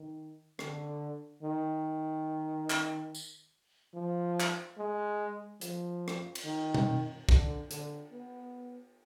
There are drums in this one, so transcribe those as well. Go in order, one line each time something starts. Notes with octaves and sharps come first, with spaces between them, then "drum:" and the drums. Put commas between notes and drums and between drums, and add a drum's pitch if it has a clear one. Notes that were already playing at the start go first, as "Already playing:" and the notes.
Already playing: D#3
D3, drum: rim click
D#3
drum: clap
drum: tambourine
F3
drum: clap
G#3
F3, drum: hi-hat
drum: rim click
drum: cymbal
D#3
drum: tom B2
D3, drum: kick
D3, drum: hi-hat
B3